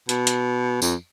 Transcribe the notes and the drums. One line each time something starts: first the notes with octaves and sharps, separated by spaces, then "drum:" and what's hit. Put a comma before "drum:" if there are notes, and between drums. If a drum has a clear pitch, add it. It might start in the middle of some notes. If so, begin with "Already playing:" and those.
B2, drum: hi-hat
drum: hi-hat
F2, drum: tambourine